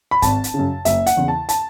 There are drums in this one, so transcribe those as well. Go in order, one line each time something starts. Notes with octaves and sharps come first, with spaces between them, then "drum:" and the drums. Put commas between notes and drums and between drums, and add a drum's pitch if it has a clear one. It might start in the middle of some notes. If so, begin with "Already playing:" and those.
B5
G#1 A5, drum: kick, hi-hat
drum: hi-hat
C#3
F#2
F#1 E5, drum: hi-hat
F#5, drum: hi-hat
E2 C#3 E3
A5
A5, drum: hi-hat